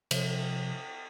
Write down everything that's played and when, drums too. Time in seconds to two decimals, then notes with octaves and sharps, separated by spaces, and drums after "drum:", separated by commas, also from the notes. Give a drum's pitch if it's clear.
0.11 C3 F3, drum: cymbal